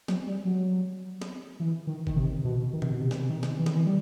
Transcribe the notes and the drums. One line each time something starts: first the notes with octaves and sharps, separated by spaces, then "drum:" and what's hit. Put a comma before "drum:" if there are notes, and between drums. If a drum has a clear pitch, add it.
F#3, drum: snare
G3
F#3
drum: snare
E3
D#3
D#3, drum: kick G1
C3
B2
D#3
C3, drum: tom
B2
C3
drum: snare
D#3
drum: snare
E3
D#3, drum: snare
E3
G3